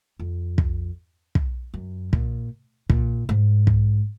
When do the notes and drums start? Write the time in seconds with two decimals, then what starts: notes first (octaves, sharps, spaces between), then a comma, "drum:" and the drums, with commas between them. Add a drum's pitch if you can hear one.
0.19 F2
0.58 drum: kick
1.35 drum: kick
1.74 F#2
2.13 A#2, drum: kick
2.90 A#2, drum: kick
3.29 G#2
3.67 drum: kick